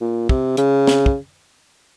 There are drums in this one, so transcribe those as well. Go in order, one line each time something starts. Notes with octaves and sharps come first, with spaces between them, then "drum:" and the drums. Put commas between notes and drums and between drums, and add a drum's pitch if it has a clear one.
A#2
C3, drum: kick
C#3, drum: hi-hat
drum: snare
drum: kick